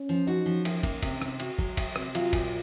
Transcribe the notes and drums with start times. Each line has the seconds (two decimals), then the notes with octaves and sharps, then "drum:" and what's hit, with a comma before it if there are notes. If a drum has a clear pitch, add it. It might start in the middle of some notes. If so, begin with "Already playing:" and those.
Already playing: C#4
0.09 F3
0.27 D#4 F#4
0.46 F3
0.65 A#3, drum: cymbal
0.83 A#3, drum: kick, cymbal
1.03 C3, drum: kick, cymbal
1.22 C3, drum: rim click
1.40 F#4, drum: cymbal
1.59 F#3, drum: kick
1.77 F#4, drum: kick, cymbal
1.96 C3, drum: rim click
2.15 F#3 F4, drum: cymbal
2.33 A#2, drum: kick, cymbal